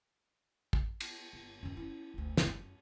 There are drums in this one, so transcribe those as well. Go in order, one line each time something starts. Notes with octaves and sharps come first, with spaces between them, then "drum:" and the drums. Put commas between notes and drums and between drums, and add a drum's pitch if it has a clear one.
drum: kick
drum: cymbal
G1
F#2 D#3
C#4 E4
F#1 D2
G1 D2, drum: snare
F#2